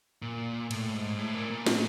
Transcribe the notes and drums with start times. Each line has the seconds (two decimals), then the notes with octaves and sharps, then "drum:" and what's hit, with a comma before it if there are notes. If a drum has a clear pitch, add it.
0.22 A#2
0.71 A2, drum: cymbal
0.94 G#2
1.19 A2
1.34 A#2
1.50 A#2
1.66 A2, drum: snare